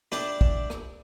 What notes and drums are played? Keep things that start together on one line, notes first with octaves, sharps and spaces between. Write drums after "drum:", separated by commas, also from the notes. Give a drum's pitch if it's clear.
D4 E4 G4, drum: rim click
drum: kick
drum: rim click